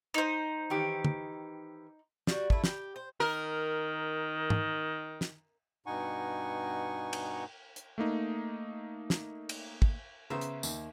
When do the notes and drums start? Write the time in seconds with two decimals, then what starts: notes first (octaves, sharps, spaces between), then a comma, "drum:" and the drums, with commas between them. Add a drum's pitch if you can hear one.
0.14 D#4 C5
0.70 D#3 E3 G4
1.05 drum: tom
2.27 G3 F#4, drum: snare
2.50 A3 E4, drum: kick
2.64 G4, drum: snare
2.96 C5
3.20 D#3 A#4
4.50 drum: tom G#2
5.21 drum: snare
5.86 G2 B2 D#4 F#5 G#5 C#6
7.13 drum: cymbal
7.76 drum: hi-hat
7.98 A3 A#3 D#4
9.10 drum: snare
9.49 drum: cymbal
9.82 drum: kick
10.30 C#3 B3 C5 E5 A#5
10.41 drum: hi-hat
10.63 D#2, drum: tambourine